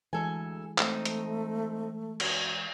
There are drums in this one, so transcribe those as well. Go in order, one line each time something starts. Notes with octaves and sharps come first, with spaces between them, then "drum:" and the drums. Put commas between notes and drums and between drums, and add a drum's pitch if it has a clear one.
D2 E3 G#3 A4 G#5
A3 C4 D#4, drum: clap
drum: hi-hat
F#2, drum: cymbal